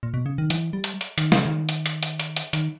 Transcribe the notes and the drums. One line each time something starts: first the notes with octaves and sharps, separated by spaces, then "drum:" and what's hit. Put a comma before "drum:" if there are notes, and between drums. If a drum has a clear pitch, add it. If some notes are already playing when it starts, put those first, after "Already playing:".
A#2
B2
C#3
D#3
E3, drum: hi-hat
G3
drum: hi-hat
drum: hi-hat
D#3, drum: hi-hat
C#3, drum: snare
D#3
drum: hi-hat
drum: hi-hat
drum: hi-hat
drum: hi-hat
drum: hi-hat
D#3, drum: hi-hat